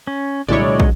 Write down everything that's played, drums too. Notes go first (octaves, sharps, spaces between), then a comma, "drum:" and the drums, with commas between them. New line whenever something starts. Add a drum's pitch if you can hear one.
C#4
C2 A#2 D3 F#3 G#3 E4 C#5 D5
drum: kick